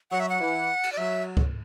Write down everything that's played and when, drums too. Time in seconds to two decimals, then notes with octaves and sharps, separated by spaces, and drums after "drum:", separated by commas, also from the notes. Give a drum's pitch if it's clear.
0.11 F#3 F#5
0.20 E5
0.29 F#5
0.40 E3
0.83 drum: cymbal
0.92 D5
0.98 F#3 E5
1.37 drum: kick C#2